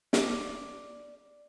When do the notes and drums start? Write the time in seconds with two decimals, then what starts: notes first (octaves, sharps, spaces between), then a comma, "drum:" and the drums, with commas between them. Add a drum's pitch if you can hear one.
0.13 D5, drum: snare